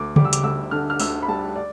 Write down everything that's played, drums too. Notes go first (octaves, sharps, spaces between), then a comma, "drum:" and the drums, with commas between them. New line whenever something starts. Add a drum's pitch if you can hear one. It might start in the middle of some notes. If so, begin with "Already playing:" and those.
Already playing: D2 D6
G3 D6, drum: tom C#3
E6
D6, drum: hi-hat
D2 E6
D3 F6
F6
D2 E6, drum: open hi-hat
B5
G3 A5
D5